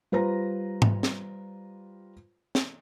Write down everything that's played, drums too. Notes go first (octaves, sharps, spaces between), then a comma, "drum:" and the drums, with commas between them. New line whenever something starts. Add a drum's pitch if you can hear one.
G3 F4 B4 C5 A#5 A#6
drum: tom G#2
drum: snare
drum: snare